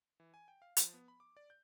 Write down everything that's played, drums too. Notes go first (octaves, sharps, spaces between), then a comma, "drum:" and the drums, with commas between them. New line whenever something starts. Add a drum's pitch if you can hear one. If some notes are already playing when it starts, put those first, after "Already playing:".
E3
G#5
G5
F5
F3, drum: hi-hat
B3
B5
D6
D5
G6